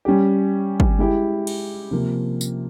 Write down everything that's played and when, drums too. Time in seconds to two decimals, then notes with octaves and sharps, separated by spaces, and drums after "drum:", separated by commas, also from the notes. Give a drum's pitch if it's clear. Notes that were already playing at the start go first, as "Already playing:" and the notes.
0.05 G3 C#4 G4
0.80 drum: kick
0.99 G#3 E4 G4
1.47 drum: cymbal
1.91 C3 F3 A#3
2.41 drum: tambourine